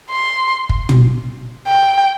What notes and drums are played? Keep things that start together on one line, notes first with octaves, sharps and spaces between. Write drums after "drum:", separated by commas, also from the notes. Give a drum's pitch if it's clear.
C6
drum: kick
drum: tom
G5